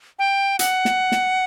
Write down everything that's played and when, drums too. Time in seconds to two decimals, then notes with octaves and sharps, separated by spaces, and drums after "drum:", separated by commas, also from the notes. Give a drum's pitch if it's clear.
0.19 G5
0.59 F#5, drum: hi-hat
0.85 drum: snare
1.12 drum: snare